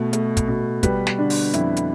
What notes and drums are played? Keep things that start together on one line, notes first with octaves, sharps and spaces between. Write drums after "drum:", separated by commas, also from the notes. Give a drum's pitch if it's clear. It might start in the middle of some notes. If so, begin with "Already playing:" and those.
Already playing: B2 A3
A3, drum: hi-hat
drum: kick, hi-hat
B2
G3 B4, drum: kick, hi-hat
drum: snare
D3 D4
drum: open hi-hat
F2 E4, drum: hi-hat
drum: hi-hat